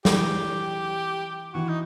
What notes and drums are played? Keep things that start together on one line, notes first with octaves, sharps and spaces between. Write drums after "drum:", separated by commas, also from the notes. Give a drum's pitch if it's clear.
E3 G4, drum: snare
E3 F#4
D#4